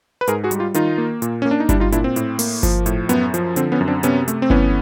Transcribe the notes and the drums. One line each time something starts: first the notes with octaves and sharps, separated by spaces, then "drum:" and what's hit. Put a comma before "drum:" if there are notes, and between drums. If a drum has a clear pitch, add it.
B4
G#2 G#4 A#4, drum: hi-hat
F#4 G#4
G3, drum: hi-hat
F4 G4
D#3 D#4 F4, drum: hi-hat
A#3
A#2, drum: hi-hat
A#3 C#4
D4
D#4
G3 D4 E4, drum: kick G1, hi-hat
D#4 F4
A#2 D4 E4, drum: hi-hat
C4
A2, drum: hi-hat
A#3, drum: open hi-hat
F3, drum: kick G1, hi-hat
A2, drum: hi-hat
F#2 B3, drum: hi-hat
F3, drum: hi-hat
D3 C4, drum: hi-hat
B3 C#4
F#2
C4 D4
C3 B3 C#4, drum: hi-hat
A3, drum: hi-hat
C4
E3 B3 C#4, drum: kick G1